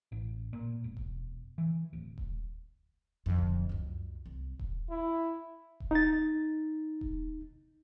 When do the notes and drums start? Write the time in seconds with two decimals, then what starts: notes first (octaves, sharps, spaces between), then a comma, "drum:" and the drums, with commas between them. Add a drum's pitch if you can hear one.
0.12 A1
0.53 A#2
0.84 E1
0.97 drum: kick D#1
1.58 E3
1.93 D1
2.18 drum: kick D#1
3.26 F2 D3
3.38 drum: kick D#1
3.69 C#2 F#2
4.26 C2
4.59 drum: kick D#1
4.90 E4
5.80 drum: kick D#1
5.91 D#4 A6
7.01 drum: kick D#1